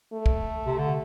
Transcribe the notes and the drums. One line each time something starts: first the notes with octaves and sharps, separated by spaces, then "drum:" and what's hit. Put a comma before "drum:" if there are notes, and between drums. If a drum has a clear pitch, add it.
A3
drum: kick
C3
D3